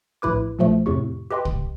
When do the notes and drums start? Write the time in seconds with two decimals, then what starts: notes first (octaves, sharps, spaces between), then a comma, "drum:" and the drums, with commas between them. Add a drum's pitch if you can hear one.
0.22 A#1 A2 E4 B4 D6
0.59 A#1 A#2 F3 A3
0.86 F2 A2 C3 C#6
1.31 G4 B4 D#5 G5 C6
1.45 drum: kick